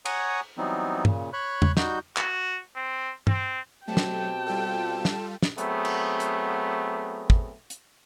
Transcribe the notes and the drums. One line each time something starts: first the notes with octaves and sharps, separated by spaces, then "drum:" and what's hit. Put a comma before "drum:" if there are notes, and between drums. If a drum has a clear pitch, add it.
C#5 F#5 G#5 A#5 C#6 D#6, drum: cymbal
E3 F#3 G3 B3 C4 D#4
A#2 C#3, drum: tom G2
C#5 B5 C#6 F#6
drum: tom E2
G3 D#4 F#4 G6, drum: snare
F#4, drum: clap
C4
C4, drum: tom G2
B2 F#3 A3 C4 G4 G5 A5
drum: snare
G3 F4 A4
drum: snare
drum: snare
F#3 A3 B3 C4 G#4, drum: hi-hat
drum: cymbal
drum: hi-hat
drum: kick
drum: hi-hat